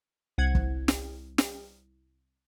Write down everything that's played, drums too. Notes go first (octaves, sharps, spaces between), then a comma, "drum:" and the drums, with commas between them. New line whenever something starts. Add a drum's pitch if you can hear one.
C2 F#5 G#6
drum: kick
drum: snare
drum: snare